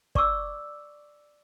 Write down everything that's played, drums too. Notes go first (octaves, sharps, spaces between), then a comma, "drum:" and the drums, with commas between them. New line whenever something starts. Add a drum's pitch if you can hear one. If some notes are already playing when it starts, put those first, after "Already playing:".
D5 C#6 D6 E6, drum: kick